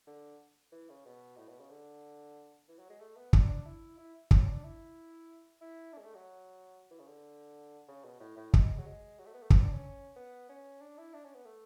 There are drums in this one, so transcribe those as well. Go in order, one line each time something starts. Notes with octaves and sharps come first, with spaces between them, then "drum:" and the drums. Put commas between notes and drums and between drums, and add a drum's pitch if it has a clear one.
D3
E3
C#3
B2
A2
B2
C#3
D3
E3
F#3
G#3
A3
B3
D4, drum: kick
D4
E4
E4
C#4, drum: kick
D4
E4
E4
D4
G#3
A3
F#3
E3
C#3
D3
C#3
B2
A2
A2
G#3, drum: kick
F#3
G#3
F#3
A3
B3
A3
B3, drum: kick
D4
C#4
B3
C#4
D4
E4
D4
C#4
B3
A3